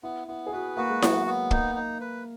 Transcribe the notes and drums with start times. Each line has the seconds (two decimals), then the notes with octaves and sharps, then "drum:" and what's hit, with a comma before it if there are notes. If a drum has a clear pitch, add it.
0.03 B3 E4
0.28 B3 E4
0.47 G#4
0.53 F#4 B4
0.77 A#3 F#4
0.90 G#3
1.02 F#3 B3, drum: snare E4
1.16 G#3
1.27 B3
1.51 A#3 D#4, drum: kick
1.75 D#4
2.01 B4